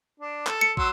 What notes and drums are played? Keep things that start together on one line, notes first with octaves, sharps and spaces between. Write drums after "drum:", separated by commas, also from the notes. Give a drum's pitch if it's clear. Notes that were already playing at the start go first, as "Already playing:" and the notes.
D4
A4, drum: clap
C#7
F#3 C6 E6, drum: kick